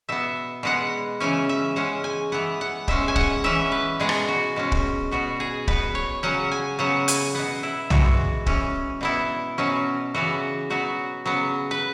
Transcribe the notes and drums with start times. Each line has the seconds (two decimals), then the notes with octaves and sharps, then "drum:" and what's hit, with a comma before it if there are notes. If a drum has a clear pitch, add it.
0.09 B2 B3 E5
0.63 B2 G#3 B3 F#5
1.20 C#3 E3 C#4 G#5
1.49 E5
1.76 C#3 G#3 C#4 F#5
2.04 G#5
2.32 E3 B3 F#5
2.61 F#5
2.88 B2 G#3 C#4 E5, drum: kick
3.08 G#5
3.16 F#5, drum: kick
3.44 E3 C#4 E5
3.72 B4
4.00 B2 G#3 B3 G#4
4.09 drum: rim click
4.28 F#4
4.56 B2 G#3 C#4
4.72 drum: kick
5.11 B2 B3 F#4
5.40 G#4
5.68 B2 B3 B4, drum: kick
5.95 C#5
6.23 C#3 F#3 C#4 F#5
6.51 G#5
6.79 C#3 F#3 B3 F#5
7.08 G#5, drum: hi-hat
7.35 B2 B3 F#5
7.63 E4
7.90 E3 G#3 B3 F#4, drum: tom
8.46 E3 C#4, drum: kick
9.01 B2 B3 E4
9.58 B2 F#3 C#4
10.14 C#3 E3 B3 F#4
10.70 B2 F#3 B3 F#4
11.26 C#3 F#3 B3
11.71 B4